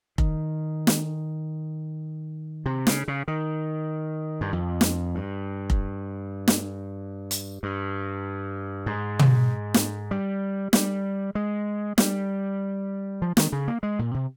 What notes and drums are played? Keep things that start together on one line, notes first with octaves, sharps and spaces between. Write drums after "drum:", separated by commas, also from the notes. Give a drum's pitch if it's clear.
D#3, drum: kick F1
drum: snare
C3
C#3, drum: snare
C#3
D#3
G2
F2
drum: snare
G2
drum: kick F1
drum: snare
drum: hi-hat
G2
G#2
drum: tom
drum: snare
G3
G3, drum: snare
G#3
G3, drum: snare
F3
D#3, drum: snare
C#3
A#3
G#3
A#2
C3